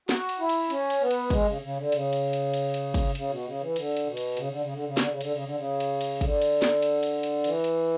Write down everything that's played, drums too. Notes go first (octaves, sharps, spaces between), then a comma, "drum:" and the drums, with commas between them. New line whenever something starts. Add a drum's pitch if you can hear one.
F#4, drum: snare
drum: cymbal
E4
drum: cymbal
C#4, drum: cymbal
drum: cymbal
B3
drum: cymbal
G#3, drum: kick, cymbal
C#3
C#3
D3
C#3, drum: cymbal
drum: cymbal
drum: cymbal
drum: cymbal
drum: cymbal
drum: kick, cymbal
C#3, drum: cymbal
B2
C#3
E3
D3, drum: cymbal
drum: cymbal
B2
drum: cymbal
C#3, drum: cymbal
D3
C#3
D3
C#3
D3, drum: snare
C#3
D3, drum: cymbal
C#3
D3
C#3
drum: cymbal
drum: cymbal
D3, drum: kick, cymbal
drum: cymbal
drum: snare
drum: cymbal
drum: cymbal
drum: cymbal
E3, drum: cymbal
drum: cymbal